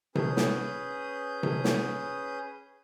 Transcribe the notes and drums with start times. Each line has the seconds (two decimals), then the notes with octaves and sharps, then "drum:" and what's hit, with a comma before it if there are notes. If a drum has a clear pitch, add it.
0.15 C#4 G#4 B4 D#6 G6, drum: tom C3
0.37 drum: snare
1.43 drum: tom C3
1.64 drum: snare